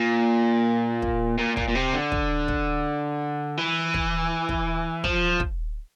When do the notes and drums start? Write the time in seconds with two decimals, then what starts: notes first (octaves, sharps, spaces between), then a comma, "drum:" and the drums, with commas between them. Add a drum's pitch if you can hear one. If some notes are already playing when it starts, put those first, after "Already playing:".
Already playing: A#2
1.02 drum: kick
1.39 A#2
1.57 A#2, drum: kick
1.68 A#2
1.75 C3
1.93 D3
2.12 drum: kick
2.48 drum: kick
3.57 E3
3.94 drum: kick
4.49 drum: kick
5.04 F3, drum: kick
5.40 drum: kick